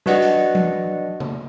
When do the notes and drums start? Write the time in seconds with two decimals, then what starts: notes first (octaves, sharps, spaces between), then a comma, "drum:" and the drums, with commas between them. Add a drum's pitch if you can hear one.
0.06 D4 F#4 B4 D5 D#5 F#5, drum: snare
0.22 drum: hi-hat
0.55 drum: tom F3
1.20 drum: tom C#3